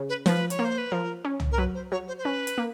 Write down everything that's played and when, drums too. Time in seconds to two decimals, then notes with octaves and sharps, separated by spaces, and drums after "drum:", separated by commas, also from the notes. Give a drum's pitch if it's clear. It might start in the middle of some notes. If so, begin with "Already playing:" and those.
Already playing: C#3
0.09 B4
0.26 F3 B4, drum: snare
0.50 C#5, drum: hi-hat
0.59 A#3
0.65 C5
0.78 B4
0.92 F3 A#4
1.25 C#4
1.40 drum: tom
1.52 A#4
1.58 F#3 B4
1.75 C5
1.92 F#3 C#5
2.08 C5
2.18 C5
2.24 C#4 B4
2.47 drum: hi-hat
2.58 A#3